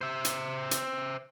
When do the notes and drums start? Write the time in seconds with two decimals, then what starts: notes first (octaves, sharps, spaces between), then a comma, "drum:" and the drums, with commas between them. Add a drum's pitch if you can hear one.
0.01 C5 E5
0.25 drum: hi-hat
0.71 drum: hi-hat